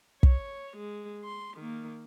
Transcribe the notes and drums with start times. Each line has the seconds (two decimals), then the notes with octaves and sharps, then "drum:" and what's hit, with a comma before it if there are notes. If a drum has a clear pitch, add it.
0.23 C#5, drum: kick
0.77 G#3
1.24 C6
1.57 D#3 A#3